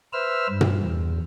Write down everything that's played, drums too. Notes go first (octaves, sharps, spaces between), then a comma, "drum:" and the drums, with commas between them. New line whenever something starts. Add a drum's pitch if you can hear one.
B4 C5 E5 E6 F6
G2
drum: tom A#2
E2